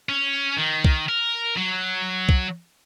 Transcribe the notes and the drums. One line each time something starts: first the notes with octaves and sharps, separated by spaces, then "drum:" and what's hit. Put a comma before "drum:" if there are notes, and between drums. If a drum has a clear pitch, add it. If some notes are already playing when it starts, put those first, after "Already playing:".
C#4
D#3
drum: kick
A#4
F#3
drum: kick